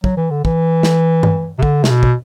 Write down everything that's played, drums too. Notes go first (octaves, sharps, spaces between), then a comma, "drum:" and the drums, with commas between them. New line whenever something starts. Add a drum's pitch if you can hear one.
F#3, drum: kick
E3
D3
E3, drum: kick
drum: snare
drum: tom G2
C3
D3, drum: kick
C3, drum: snare
B2
drum: kick